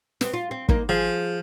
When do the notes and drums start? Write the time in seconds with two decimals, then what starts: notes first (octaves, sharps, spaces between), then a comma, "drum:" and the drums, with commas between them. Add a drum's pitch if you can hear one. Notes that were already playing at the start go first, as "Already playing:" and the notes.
0.21 B3 C4, drum: snare
0.34 F4
0.51 C4
0.69 A#3 D#4, drum: kick
0.89 F3 G#4